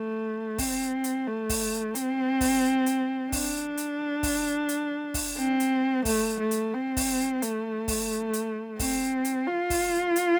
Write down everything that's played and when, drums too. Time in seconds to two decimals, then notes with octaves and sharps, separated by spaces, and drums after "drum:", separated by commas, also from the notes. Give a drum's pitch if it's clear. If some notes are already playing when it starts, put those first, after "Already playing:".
Already playing: A3
0.58 C4, drum: kick, open hi-hat
1.04 drum: hi-hat
1.27 A3
1.49 drum: kick, open hi-hat
1.95 C4, drum: hi-hat
2.41 drum: kick, open hi-hat
2.86 drum: hi-hat
3.32 D4, drum: kick, open hi-hat
3.77 drum: hi-hat
4.23 drum: kick, open hi-hat
4.69 drum: hi-hat
5.14 drum: kick, open hi-hat
5.37 C4
5.60 drum: hi-hat
6.05 A3, drum: kick, open hi-hat
6.40 A3
6.51 drum: hi-hat
6.74 C4
6.97 drum: kick, open hi-hat
7.42 A3, drum: hi-hat
7.88 drum: kick, open hi-hat
8.33 drum: hi-hat
8.79 C4, drum: kick, open hi-hat
9.25 drum: hi-hat
9.47 F4
9.70 drum: kick, open hi-hat
10.16 drum: hi-hat